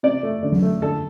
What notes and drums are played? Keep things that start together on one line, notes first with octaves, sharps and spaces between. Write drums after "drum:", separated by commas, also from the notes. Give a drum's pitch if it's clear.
C3 D5
A3
D3
drum: tom F#3
A3
D3 A4